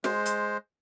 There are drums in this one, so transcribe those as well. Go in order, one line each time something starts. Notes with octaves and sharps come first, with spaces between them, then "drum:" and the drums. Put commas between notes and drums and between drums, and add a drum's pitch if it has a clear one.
G#3 C5, drum: snare
drum: hi-hat